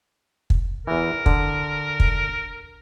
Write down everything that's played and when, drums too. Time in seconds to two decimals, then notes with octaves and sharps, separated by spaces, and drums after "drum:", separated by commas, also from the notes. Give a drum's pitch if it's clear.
0.50 drum: kick
0.87 E2 E3 A#4
1.26 D3, drum: kick
2.00 drum: kick